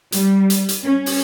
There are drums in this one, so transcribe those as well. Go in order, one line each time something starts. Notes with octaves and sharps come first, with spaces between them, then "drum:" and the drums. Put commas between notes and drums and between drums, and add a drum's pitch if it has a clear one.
G3, drum: hi-hat
drum: hi-hat
drum: hi-hat
C#4
drum: open hi-hat